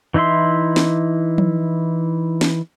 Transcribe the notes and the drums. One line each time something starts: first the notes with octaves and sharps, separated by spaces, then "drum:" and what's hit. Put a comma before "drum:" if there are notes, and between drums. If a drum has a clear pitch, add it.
E3 D#4 E4 E5 C6
drum: snare
drum: tom F3
drum: snare